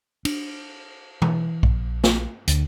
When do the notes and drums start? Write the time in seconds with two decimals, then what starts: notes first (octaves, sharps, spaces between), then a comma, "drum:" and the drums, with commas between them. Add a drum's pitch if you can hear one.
0.25 D4, drum: cymbal
1.22 E3, drum: tom
1.63 A#1, drum: kick B1
2.04 drum: snare
2.48 D2, drum: hi-hat